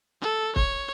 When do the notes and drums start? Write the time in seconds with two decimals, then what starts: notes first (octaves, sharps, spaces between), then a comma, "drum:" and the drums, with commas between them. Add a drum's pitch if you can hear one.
0.21 A4
0.56 C#5, drum: kick